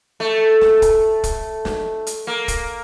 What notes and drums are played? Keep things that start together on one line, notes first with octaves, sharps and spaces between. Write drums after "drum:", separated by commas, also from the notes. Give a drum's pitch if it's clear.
A3
drum: snare
drum: kick, hi-hat
drum: kick, hi-hat
drum: snare
drum: hi-hat
A#3
drum: kick, hi-hat